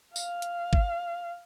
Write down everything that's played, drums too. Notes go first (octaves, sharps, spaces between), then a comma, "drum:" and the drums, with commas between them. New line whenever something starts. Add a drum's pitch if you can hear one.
F5, drum: tambourine
drum: hi-hat
drum: kick